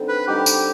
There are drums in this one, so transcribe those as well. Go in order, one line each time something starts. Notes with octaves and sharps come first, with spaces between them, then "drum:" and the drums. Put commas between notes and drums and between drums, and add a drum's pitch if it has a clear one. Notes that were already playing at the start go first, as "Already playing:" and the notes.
Already playing: D3 G3 C4 D#4
B4
D3 G3 C4 D#4 G4
drum: tambourine